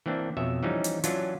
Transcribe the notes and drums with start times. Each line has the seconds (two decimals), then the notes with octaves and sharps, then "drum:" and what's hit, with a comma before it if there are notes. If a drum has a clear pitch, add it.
0.06 E3 A#3 C4 D4
0.37 F2 B2 C#5 E5
0.63 E3 F3 G3 C#4 D#4
0.84 drum: hi-hat
1.04 E3 F#3 C#4 D4 F4, drum: hi-hat